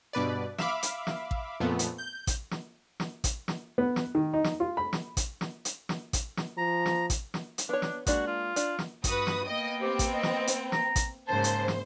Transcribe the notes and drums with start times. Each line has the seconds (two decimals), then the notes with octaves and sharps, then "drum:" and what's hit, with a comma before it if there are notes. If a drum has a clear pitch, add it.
0.13 G2 B2 B4 D5
0.58 E5 F5 B5 D6, drum: snare
0.83 drum: hi-hat
1.07 drum: snare
1.31 drum: kick A1
1.60 F2 A#2 A3 B3
1.79 drum: hi-hat
1.98 G6
2.27 drum: kick A1, hi-hat
2.51 drum: snare
3.00 drum: snare
3.24 drum: kick A1, hi-hat
3.48 drum: snare
3.78 B3
3.96 drum: snare
4.15 D#3
4.33 D#4
4.44 drum: snare
4.60 F4
4.77 B5
4.93 drum: snare
5.17 drum: kick A1, hi-hat
5.41 drum: snare
5.65 drum: hi-hat
5.89 drum: snare
6.13 drum: kick A1, hi-hat
6.37 drum: snare
6.57 F3 A#5
6.86 drum: snare
7.10 drum: kick A1, hi-hat
7.34 drum: snare
7.58 drum: hi-hat
7.69 B3 D4 C#5
7.82 drum: snare
8.07 G#3 A#3 D4 F#4, drum: kick A1, hi-hat
8.27 F4
8.56 D4, drum: hi-hat
8.79 drum: snare
9.04 G2 F#4 B4 D#6, drum: kick A1, hi-hat
9.27 drum: snare
9.46 A#3 B3 D#5 G5
9.81 C4 G4
9.99 drum: kick A1, hi-hat
10.13 D#5
10.23 drum: snare
10.47 drum: hi-hat
10.72 A#5, drum: snare
10.96 drum: kick A1, hi-hat
11.28 G#2 C#3 A#3 C5 A5
11.44 drum: hi-hat
11.68 drum: snare